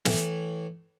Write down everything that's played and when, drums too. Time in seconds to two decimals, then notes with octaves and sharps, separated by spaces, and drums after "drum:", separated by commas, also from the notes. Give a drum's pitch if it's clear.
0.05 A2 E3, drum: snare